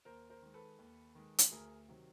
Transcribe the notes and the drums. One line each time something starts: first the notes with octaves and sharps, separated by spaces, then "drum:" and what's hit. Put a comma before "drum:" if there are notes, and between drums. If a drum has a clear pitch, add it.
D#2 A#4 C5
A#4 C5
D#3 G#3
A4 B4
D#2
D#3 G#3
drum: hi-hat
D2 G#4 A#4
C3 D#3 F#3